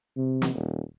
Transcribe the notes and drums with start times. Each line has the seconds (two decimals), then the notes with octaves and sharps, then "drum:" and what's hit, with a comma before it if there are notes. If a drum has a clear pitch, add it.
0.17 C3
0.42 drum: snare
0.55 D#1